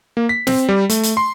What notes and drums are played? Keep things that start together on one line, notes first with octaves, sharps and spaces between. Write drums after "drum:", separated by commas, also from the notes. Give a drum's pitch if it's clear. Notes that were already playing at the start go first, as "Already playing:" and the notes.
A#3
B6
C4, drum: snare
G3
A3, drum: hi-hat
drum: hi-hat
C6